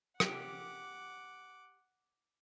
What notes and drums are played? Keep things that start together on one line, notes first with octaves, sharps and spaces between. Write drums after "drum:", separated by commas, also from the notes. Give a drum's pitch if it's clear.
G4 F#5 D6, drum: rim click